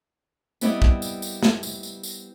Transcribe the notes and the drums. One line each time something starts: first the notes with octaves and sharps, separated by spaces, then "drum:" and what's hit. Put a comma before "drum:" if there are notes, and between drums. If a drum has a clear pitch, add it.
G3 B3 C4 E4 D5 D#5, drum: tambourine
drum: kick
drum: tambourine
drum: tambourine
drum: snare
drum: tambourine
drum: tambourine
drum: tambourine